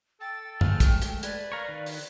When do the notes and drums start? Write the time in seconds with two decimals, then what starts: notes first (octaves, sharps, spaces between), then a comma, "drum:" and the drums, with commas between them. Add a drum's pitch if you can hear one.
0.21 A4 G5 A6
0.61 G#3 A3 F6, drum: tom
0.80 drum: kick, hi-hat
1.02 drum: hi-hat
1.23 B4 D5 G#6, drum: hi-hat
1.52 A#4 C#5 F5
1.69 D#3
1.86 drum: open hi-hat